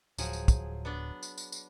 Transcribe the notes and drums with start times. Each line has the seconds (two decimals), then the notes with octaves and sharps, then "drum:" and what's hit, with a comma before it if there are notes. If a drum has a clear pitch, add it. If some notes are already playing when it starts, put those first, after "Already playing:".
0.18 D1 F3 F#3 G#4, drum: tambourine
0.33 drum: tambourine
0.48 drum: kick, tambourine
0.85 B3 D4 D5
1.23 drum: tambourine
1.38 drum: tambourine
1.52 drum: tambourine